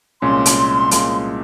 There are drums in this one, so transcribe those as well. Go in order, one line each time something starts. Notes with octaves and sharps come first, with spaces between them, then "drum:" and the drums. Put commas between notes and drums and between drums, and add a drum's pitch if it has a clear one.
C2 A#2 G#3 C#4 C6
drum: hi-hat
C2 A#2 G#3 C#4, drum: hi-hat